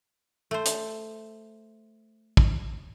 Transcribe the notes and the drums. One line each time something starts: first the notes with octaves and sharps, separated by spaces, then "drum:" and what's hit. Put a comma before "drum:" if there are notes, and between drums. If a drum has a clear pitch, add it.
A3 C5
drum: hi-hat
drum: kick